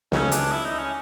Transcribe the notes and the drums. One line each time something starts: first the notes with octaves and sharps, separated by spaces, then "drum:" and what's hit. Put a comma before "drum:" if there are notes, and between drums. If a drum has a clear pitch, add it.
C#2 C#3 F#3 A3 C#4, drum: snare
D4, drum: hi-hat
E4
D#4
C#4